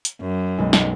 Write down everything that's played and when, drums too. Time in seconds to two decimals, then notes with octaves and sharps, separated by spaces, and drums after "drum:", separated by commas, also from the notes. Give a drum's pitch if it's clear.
0.05 drum: hi-hat
0.21 F#2
0.58 B1 G#3
0.73 drum: snare